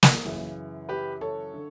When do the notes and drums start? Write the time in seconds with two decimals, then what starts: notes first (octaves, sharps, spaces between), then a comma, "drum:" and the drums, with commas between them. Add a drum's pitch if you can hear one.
0.03 drum: snare
0.25 F#2 C#3 E3
0.89 G4 B4
1.21 A4 C#5
1.54 D3